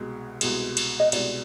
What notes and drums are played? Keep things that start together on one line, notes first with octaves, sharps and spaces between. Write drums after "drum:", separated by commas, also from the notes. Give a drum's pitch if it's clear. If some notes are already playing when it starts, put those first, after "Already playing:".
Already playing: C2 B2 G#3
C2 B2 G#3, drum: cymbal
drum: cymbal
D#5
C2 B2 G#3 D5, drum: cymbal